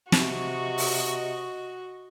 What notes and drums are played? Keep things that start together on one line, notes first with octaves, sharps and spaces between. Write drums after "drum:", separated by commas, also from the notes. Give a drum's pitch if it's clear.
C3 F#4 D#5 C#6, drum: snare
drum: open hi-hat